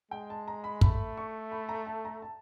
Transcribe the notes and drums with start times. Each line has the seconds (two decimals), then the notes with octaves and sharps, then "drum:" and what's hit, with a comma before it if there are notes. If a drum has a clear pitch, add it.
0.11 G#3 G5
0.30 A5
0.48 A#5
0.64 B5
0.81 A3 B5, drum: kick
1.17 C#6
1.52 B5
1.69 A#5
1.87 A5
2.05 A#5
2.22 A5